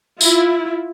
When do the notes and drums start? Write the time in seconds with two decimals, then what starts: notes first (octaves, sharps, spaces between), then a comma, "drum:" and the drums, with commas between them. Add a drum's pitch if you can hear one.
0.21 E4 F4, drum: tambourine